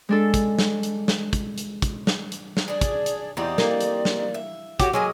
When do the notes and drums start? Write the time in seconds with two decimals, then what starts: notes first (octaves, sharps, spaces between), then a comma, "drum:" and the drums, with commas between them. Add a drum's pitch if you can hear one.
0.09 G#3 D4 A4
0.34 drum: kick, hi-hat
0.59 drum: snare
0.83 drum: hi-hat
1.08 drum: snare
1.33 drum: kick, hi-hat
1.58 drum: hi-hat
1.82 drum: kick, hi-hat
2.07 drum: snare
2.32 drum: hi-hat
2.57 drum: snare
2.68 D4 G#4 D5
2.81 drum: kick, hi-hat
3.06 drum: hi-hat
3.37 E2 C4 D#4 G4 D5
3.58 A#3, drum: snare
3.80 drum: hi-hat
4.05 drum: snare
4.34 E5
4.80 F#4 G4 C#5, drum: kick, hi-hat
4.93 F#3 G#3 A#3 D#5 G#5